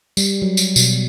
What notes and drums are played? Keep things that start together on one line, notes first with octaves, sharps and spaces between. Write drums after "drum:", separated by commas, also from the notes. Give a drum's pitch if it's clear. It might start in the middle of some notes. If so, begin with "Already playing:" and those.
G3, drum: tambourine
F#3
drum: tambourine
B2, drum: tambourine